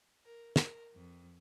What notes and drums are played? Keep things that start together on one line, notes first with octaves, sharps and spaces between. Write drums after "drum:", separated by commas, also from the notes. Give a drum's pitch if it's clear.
A#4
A#4, drum: snare
F2